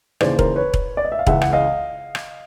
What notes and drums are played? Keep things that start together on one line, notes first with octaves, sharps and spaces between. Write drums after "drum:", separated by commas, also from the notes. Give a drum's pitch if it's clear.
D#2 C#3 E3 C5 D5, drum: rim click
A#4 C5, drum: kick E1
B4 C#5
drum: kick E1
D5
D#5
E5
F5
C#2 C#3 E3 E5 F#5, drum: kick E1
F#5, drum: rim click
D#5 F5
drum: rim click